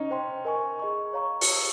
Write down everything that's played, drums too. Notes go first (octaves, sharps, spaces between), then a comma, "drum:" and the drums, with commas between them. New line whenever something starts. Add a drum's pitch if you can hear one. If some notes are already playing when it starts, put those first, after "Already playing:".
Already playing: C#4 D#4
C5 G5 C6
A#4 D#5 G#5 C#6
G#4 D#5 A#5 C#6
C#5 F5 A#5 C#6
drum: open hi-hat